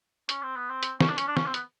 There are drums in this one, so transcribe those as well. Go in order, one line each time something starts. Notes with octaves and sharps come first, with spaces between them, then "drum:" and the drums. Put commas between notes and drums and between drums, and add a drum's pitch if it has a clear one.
C#4, drum: hi-hat
C4
B3
C4
drum: hi-hat
C#4, drum: snare
D4
C#4, drum: hi-hat
D4
C#4, drum: snare
C4
B3, drum: hi-hat